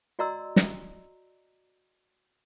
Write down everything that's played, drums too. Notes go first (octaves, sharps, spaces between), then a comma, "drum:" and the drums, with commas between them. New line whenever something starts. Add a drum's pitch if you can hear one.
F#4 D5 D#5 A#5 C6 E6
drum: snare